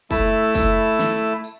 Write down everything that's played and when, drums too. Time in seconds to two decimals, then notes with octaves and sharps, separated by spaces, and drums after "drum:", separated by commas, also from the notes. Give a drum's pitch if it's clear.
0.11 A3 E4 A5, drum: kick, tambourine
0.55 drum: kick, tambourine
0.99 drum: snare
1.44 drum: tambourine